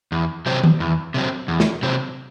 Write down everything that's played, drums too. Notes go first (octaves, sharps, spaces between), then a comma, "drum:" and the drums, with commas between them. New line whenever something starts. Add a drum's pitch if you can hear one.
E2
C3 F#3 C4
drum: tom D#3
E2
C3 F#3 C4
E2
drum: snare
C3 F#3 C4